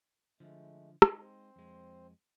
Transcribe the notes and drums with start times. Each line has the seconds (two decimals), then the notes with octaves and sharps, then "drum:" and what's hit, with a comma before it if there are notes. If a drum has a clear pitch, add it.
0.40 D3 F3 G#3 A3
1.02 G#3 D#4, drum: rim click
1.21 C4 C5
1.56 F2 G#3